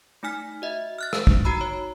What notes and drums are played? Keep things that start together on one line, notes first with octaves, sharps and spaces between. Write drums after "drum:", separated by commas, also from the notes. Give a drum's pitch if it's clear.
A3 D#4 G#5 F6 B6
F#4 D#5 E5
F6 F#6 A6
E6, drum: rim click
drum: kick
D#4 F#4 A#5 B5 E6
C#5 B5